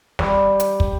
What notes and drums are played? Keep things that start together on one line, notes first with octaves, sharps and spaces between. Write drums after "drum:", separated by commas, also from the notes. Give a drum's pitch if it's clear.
G3, drum: snare
drum: hi-hat
drum: kick